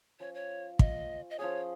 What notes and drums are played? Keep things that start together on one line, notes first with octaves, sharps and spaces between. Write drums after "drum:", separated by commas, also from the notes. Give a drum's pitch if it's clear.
F3 C#4 F4 C#5
C#5
D#5, drum: kick
D#5
F3 C#4 G#4 C#5